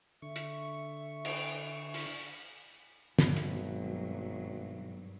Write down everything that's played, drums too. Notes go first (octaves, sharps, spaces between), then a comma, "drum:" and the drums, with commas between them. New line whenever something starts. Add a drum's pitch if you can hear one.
D3 E5 C#6
drum: hi-hat
drum: cymbal
drum: open hi-hat
G#1 G2 B2 F#3, drum: snare
drum: hi-hat